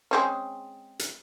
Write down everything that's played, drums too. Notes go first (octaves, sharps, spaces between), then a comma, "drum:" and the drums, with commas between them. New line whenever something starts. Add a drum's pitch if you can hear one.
G#3 C4 C#4
drum: hi-hat